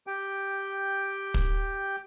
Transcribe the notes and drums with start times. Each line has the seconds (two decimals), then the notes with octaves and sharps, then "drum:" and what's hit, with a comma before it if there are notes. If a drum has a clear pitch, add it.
0.07 G4 G5
1.34 drum: kick